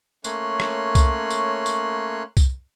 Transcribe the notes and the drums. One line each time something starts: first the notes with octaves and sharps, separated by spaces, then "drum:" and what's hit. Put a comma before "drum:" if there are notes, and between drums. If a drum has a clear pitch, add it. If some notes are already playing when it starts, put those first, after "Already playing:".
A3 A#3 C#4 C#5 C6 F#6, drum: tambourine
drum: rim click
drum: kick C2, tambourine
drum: tambourine
drum: tambourine
drum: kick C2, tambourine